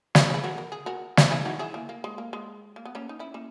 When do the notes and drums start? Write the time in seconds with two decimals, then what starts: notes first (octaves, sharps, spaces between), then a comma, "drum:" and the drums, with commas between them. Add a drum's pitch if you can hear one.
0.15 G#4 B4, drum: snare
0.30 C#5
0.34 G#4 B4
0.44 F#4 A#4
0.58 A#4
0.72 G#4
0.86 F#4 A#4
1.17 drum: snare
1.31 E4 G#4
1.45 D#4 F#4
1.59 E4 G#4
1.74 A#3
1.89 A#3
2.04 G#3
2.18 A#3
2.33 G#3
2.76 A#3
2.85 B3
2.95 A#3 C#4
3.09 D#4
3.19 C#4 E4
3.34 A#3 C#4